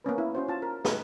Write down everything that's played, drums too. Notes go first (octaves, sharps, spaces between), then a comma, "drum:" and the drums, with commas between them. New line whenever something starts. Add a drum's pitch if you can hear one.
A#3 B3 C#4 B4
E4
C#4 F#4 C5
F4 A5
A#4
D#4 G#4 B4, drum: snare